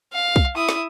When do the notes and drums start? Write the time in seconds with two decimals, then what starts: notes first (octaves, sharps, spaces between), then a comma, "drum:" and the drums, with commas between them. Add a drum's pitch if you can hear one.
0.13 F5
0.36 drum: kick
0.55 E4 D#6
0.69 drum: snare